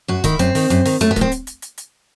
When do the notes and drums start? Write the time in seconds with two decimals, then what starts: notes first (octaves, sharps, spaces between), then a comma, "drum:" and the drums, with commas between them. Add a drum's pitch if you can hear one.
0.08 F#2 F#4
0.24 D#3 E4, drum: kick D1, hi-hat
0.39 F#2 C4, drum: hi-hat
0.55 D#3, drum: open hi-hat
0.70 F#2, drum: hi-hat
0.85 D#3, drum: open hi-hat
1.01 F#2 A3, drum: hi-hat
1.11 B3
1.16 D#3, drum: kick D1, hi-hat
1.21 C4
1.32 drum: hi-hat
1.47 drum: hi-hat
1.62 drum: hi-hat
1.78 drum: hi-hat